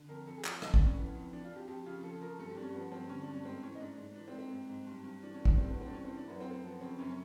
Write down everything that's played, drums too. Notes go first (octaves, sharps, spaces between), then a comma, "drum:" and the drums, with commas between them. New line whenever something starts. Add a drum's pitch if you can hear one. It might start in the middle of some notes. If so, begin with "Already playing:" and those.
Already playing: D3
F2 A#4
F2 A4
G#4
F2, drum: clap
F4
F2 D#4, drum: rim click
D4, drum: kick
C#3
C#4
E3 B3
F2
F2 D4
F4
F2 G4
F2 G4
C#3 F4
F3 A4
F3 A#4
G2 A4
G4
G2 D4
C#4
F3 B3
G2 C4
D3 C#4
D4
G2
C#4
G#2 C4
E3 C#4
D#4
G#2 D4
G#2
E3 D4
C4
G#2
C4
G#2
G#2
G2
G2
E3 D4
C#4
E3
D4, drum: kick
G2 C4
B3
G2
C4
D4
E3 C#4
C4
E3
D4
F#2 B3
C4
F#2
C4
F3 B3
C#3 C4
F#2 C#4
C#4